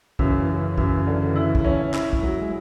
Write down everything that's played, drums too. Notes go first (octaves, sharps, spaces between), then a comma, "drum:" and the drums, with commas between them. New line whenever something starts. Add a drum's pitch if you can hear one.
F#2 C#3 E3, drum: kick
F#2
F#2, drum: kick
D3
E4
drum: kick
C#4
E4, drum: clap
drum: kick
F#3
G#3